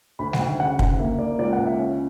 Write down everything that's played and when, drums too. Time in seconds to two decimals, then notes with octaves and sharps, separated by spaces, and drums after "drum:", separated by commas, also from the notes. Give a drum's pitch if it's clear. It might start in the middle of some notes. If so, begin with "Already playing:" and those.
0.19 D2 B5
0.33 F#5, drum: snare G3
0.39 D2 G5
0.59 C#3 F#5
0.79 D2 F#5, drum: kick
0.99 A#3 E5
1.19 A#3 D5
1.39 C#2 D5
1.53 F#5
1.59 C#2
1.66 E5
1.78 C#4